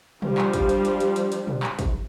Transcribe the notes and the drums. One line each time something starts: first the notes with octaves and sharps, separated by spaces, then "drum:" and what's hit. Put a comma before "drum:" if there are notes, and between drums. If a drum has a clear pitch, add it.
F3 G3 D4, drum: tom
drum: clap
drum: kick, hi-hat
drum: hi-hat
drum: hi-hat
drum: hi-hat
drum: hi-hat
drum: hi-hat
drum: tom
drum: clap
drum: kick, hi-hat